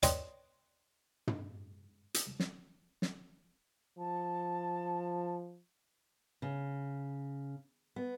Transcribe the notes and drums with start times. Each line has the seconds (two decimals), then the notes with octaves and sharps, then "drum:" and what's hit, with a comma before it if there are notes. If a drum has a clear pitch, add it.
0.03 D4 B4 C#5 D#5 G5 C6, drum: hi-hat
1.27 drum: tom
2.14 drum: hi-hat
2.40 drum: snare
3.02 drum: snare
3.98 F3 A5
6.42 C#3
7.96 B3